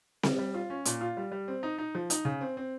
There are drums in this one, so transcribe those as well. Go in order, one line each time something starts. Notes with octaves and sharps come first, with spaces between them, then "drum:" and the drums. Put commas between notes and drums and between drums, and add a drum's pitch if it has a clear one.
G3, drum: snare C4
G3
F4
C#4
A#2, drum: hi-hat
F4
G3
G3
C4
D#4
D#4
F3
D#4, drum: hi-hat
C#3
C4
C4